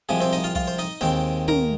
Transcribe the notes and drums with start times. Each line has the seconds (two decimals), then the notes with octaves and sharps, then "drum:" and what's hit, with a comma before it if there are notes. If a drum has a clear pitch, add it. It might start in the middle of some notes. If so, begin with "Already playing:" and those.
0.09 C2 C3 F3 G#3 G#4 G#5
0.20 C4 C5
0.33 D#4 D#5
0.44 F4 F5
0.55 F4 F5, drum: kick
0.67 C5
0.79 D#4 D#5
1.01 D#2 D#3 G#3 C4 C5
1.48 A#4 A#5, drum: tom